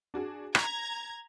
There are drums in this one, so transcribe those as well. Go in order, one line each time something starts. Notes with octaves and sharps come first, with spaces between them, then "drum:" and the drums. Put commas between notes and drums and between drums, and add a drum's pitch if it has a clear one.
D4 F#4 G#4
A#5 G#6 B6, drum: rim click